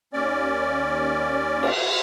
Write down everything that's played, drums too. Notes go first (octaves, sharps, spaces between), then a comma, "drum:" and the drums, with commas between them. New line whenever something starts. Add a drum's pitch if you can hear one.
D#2 C#4 D5
drum: cymbal